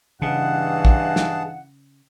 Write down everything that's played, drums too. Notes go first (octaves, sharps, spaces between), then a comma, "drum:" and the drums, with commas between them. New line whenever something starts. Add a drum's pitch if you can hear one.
G2 C#3 E3 G#4 D#5 F5 F#5 A5
drum: kick
drum: snare